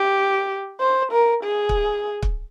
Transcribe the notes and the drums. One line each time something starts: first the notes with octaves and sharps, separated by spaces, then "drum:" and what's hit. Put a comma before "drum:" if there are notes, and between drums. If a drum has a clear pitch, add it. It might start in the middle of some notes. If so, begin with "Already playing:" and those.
Already playing: G4
C5
A#4
G#4
drum: kick
drum: kick